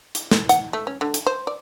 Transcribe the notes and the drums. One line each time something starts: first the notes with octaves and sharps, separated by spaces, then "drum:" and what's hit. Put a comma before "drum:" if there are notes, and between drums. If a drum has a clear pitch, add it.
drum: hi-hat
drum: snare
F#5, drum: hi-hat
A3
C#4
D3
drum: hi-hat
C5
D5